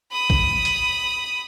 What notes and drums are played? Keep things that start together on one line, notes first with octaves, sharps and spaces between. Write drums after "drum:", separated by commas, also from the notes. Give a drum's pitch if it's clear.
B5 D#6
drum: kick
drum: hi-hat